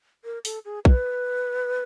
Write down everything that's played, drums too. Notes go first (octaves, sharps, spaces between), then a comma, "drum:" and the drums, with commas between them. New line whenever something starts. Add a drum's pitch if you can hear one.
A#4
A4, drum: open hi-hat
G#4
B4, drum: kick